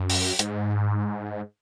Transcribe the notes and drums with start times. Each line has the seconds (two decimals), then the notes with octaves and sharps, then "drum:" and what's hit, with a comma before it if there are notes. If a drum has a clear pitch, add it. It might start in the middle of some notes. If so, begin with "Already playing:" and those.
Already playing: F#2
0.10 drum: open hi-hat
0.39 G#2, drum: hi-hat